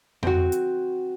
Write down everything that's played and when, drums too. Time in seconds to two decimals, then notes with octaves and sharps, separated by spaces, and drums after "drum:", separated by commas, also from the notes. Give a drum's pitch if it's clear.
0.23 C4 F#4, drum: tom F2
0.52 drum: hi-hat